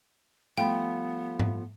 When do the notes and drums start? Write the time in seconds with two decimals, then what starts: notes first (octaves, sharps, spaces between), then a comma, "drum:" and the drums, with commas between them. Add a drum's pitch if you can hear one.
0.58 F3 G3 A3 B3 F5 G5 B5
1.39 drum: tom G#2